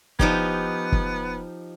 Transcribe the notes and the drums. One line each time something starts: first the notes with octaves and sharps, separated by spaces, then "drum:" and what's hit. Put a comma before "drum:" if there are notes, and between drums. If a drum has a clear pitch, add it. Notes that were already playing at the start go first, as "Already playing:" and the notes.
F3 B3 D#4 G4, drum: kick
drum: kick